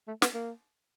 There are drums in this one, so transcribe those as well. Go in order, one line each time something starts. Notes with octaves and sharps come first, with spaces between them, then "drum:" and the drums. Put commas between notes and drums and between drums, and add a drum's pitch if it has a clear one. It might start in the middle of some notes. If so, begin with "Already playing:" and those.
A3
B3, drum: snare
A#3